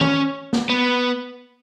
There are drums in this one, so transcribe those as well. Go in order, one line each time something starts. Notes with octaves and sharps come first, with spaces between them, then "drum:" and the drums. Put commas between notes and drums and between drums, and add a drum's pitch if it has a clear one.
C#4, drum: tom D#3
drum: snare
B3